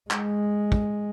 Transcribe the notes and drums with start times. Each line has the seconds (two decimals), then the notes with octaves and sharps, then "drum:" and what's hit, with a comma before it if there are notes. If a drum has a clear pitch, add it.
0.11 G#3, drum: clap
0.72 drum: kick